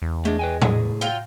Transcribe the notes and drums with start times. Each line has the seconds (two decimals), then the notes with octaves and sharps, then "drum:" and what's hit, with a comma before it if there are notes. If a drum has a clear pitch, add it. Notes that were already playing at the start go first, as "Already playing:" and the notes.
0.02 E2
0.25 G#3 A3 D4
0.39 B4 G5 G#5
0.62 A2 G#4, drum: tom A2
1.01 F#3 F4 G5